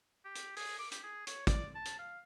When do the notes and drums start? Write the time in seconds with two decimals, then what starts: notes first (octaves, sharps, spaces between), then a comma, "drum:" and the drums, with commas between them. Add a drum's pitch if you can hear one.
0.25 G4
0.35 drum: hi-hat
0.56 G#4, drum: open hi-hat
0.79 D6
0.91 G4, drum: hi-hat
1.03 G#4
1.27 C#5, drum: hi-hat
1.47 D5, drum: kick, hi-hat
1.75 A5
1.85 drum: hi-hat
1.99 F5